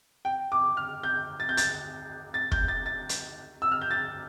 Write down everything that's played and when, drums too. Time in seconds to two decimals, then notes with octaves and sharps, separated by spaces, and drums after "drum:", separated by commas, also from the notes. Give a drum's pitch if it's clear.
0.25 G5
0.52 D6
0.77 F6
1.03 G6
1.40 A6
1.49 G6
1.57 A6, drum: hi-hat
2.34 A6
2.52 G6, drum: kick
2.68 A6
2.86 A6
3.09 drum: hi-hat
3.62 E6
3.72 F6
3.81 G6
3.91 A6